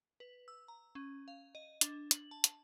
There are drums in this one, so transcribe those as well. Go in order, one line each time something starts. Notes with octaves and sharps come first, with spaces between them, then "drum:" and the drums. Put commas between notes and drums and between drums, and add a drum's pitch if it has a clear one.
B4
E6
A#5
C#4
F5
D#5
D4, drum: hi-hat
F#7, drum: hi-hat
A5
drum: hi-hat